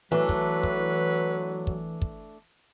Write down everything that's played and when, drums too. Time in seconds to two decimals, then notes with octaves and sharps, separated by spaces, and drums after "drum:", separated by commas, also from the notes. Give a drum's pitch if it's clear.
0.12 E3 F#3 A3 D4 B4
0.29 drum: kick
0.63 drum: kick
1.67 drum: kick
2.02 drum: kick